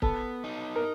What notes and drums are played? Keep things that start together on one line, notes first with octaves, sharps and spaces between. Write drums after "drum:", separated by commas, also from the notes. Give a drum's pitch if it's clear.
B3 A4, drum: kick
D#4
A#4